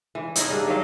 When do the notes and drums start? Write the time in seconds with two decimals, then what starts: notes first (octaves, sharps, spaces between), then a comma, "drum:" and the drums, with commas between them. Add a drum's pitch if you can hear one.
0.15 E3
0.36 C#4 D#4 E4, drum: hi-hat
0.50 G2 A#3 D4 G#4
0.67 D#3 F#3 D#5 F5